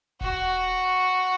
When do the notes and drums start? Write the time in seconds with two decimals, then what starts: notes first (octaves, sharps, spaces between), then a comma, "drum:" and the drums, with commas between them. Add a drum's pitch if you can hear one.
0.21 F#4, drum: kick E1